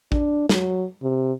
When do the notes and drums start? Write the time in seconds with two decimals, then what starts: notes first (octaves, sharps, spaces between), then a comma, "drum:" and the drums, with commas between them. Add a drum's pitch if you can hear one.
0.12 D4, drum: kick A1
0.49 F#3, drum: snare
1.03 C3